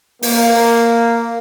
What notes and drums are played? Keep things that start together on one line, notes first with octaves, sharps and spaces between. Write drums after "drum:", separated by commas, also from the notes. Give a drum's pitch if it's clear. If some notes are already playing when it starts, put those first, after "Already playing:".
A#3, drum: open hi-hat